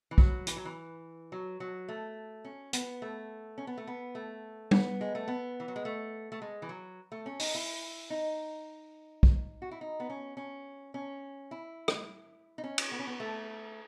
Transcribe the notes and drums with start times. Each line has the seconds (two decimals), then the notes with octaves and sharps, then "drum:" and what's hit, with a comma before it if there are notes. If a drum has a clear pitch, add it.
0.11 E3
0.18 F#3, drum: kick
0.47 E3, drum: hi-hat
0.57 F#3
0.65 E3
1.32 F#3
1.60 F#3
1.89 A3
2.45 C#4
2.73 B3, drum: hi-hat
3.02 A3
3.58 C#4
3.67 B3
3.78 A3
3.87 B3
4.15 A3
4.71 B3, drum: tom
5.01 G#3
5.15 A3
5.28 B3
5.60 E3
5.68 F#3
5.76 G#3
5.85 A3
6.32 A3
6.42 G#3
6.62 E3
6.69 F#3
7.12 A3
7.26 C#4
7.40 D#4, drum: open hi-hat
7.55 E4
8.10 D#4
9.23 drum: kick
9.62 F#4
9.71 E4
9.81 D#4
10.00 B3
10.10 C#4
10.37 C#4
10.94 C#4
11.51 E4
11.88 drum: rim click
12.58 D#4
12.64 C#4
12.78 drum: cymbal
12.92 B3
12.99 C#4
13.07 B3
13.20 A3